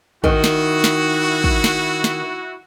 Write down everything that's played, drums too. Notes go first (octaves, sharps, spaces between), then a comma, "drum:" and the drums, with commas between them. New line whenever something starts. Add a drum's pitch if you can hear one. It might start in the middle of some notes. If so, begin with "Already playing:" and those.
D#3 E4 F#4, drum: kick
drum: snare
drum: snare
drum: kick
drum: snare
drum: snare